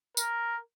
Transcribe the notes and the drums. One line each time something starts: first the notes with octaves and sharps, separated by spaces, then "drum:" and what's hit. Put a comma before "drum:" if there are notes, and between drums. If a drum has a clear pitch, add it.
A#4, drum: tambourine